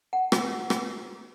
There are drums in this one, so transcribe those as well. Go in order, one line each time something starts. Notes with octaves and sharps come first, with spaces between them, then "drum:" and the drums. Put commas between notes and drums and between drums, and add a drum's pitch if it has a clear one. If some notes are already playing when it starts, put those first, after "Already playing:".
F#5
drum: rim click
drum: rim click